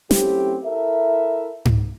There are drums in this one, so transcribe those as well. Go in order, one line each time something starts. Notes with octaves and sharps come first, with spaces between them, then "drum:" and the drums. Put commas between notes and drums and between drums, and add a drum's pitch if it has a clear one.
F#3 A3 C4 C#4 E4 G4, drum: snare
E4 A4 A#4 E5
drum: tom G#2